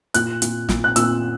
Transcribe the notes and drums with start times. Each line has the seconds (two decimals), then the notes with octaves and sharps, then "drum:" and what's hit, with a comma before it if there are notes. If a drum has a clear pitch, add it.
0.14 A#2 F#6, drum: hi-hat
0.42 A#2, drum: hi-hat
0.69 A#2, drum: snare
0.84 F#6
0.96 A#2 E6, drum: hi-hat